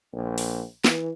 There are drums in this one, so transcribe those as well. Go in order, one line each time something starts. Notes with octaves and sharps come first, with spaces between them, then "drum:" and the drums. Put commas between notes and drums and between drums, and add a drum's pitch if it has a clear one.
A#1
drum: open hi-hat
E3, drum: snare